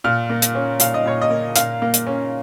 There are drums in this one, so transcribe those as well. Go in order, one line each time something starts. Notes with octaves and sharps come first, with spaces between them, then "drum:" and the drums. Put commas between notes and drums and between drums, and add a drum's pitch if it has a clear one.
A#2 F6
A#3
drum: hi-hat
C#4
A#2 F5, drum: hi-hat
D#5
A#2 C#5
D#5
A#3
A#2 F5, drum: hi-hat
A#3
drum: hi-hat
C#4